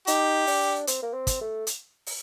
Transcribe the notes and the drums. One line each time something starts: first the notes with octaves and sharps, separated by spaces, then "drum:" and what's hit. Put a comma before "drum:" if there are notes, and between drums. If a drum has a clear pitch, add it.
D#4 G4, drum: hi-hat
D4, drum: open hi-hat
C4, drum: hi-hat
A#3
C4
drum: kick, hi-hat
A3
drum: hi-hat
drum: open hi-hat